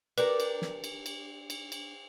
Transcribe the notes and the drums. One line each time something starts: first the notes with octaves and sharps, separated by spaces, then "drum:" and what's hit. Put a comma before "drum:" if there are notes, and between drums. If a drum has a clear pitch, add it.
D4 G4 A#4 B4, drum: cymbal
drum: cymbal
drum: snare
drum: cymbal
drum: cymbal
drum: cymbal
drum: cymbal